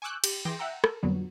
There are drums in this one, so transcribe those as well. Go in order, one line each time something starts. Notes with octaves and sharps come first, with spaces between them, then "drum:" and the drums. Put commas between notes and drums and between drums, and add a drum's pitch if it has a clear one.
G#5 C#6 D6 E6 F#6 G6
G4, drum: cymbal
E3 G#4 G5 C6 D6 A#6
E5 F#5 G5 A#5 E6
A4 A#4, drum: rim click
F2 A#2 D3 F#3 G3 B3